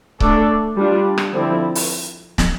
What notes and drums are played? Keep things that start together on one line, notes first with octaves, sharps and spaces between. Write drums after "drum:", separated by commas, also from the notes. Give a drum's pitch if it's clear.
A3 D4 A4 D5, drum: kick C#1
G3 D4 F4
drum: rim click
D3 F3 C4 E4
drum: open hi-hat
drum: snare